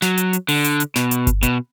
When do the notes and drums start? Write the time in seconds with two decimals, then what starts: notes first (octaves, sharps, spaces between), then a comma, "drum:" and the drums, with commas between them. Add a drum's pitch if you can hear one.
0.02 F#3, drum: snare
0.18 drum: hi-hat
0.33 drum: hi-hat
0.49 D3, drum: open hi-hat
0.64 drum: hi-hat
0.80 drum: hi-hat
0.96 B2, drum: snare
1.11 drum: hi-hat
1.27 drum: kick G1, hi-hat
1.43 B2, drum: hi-hat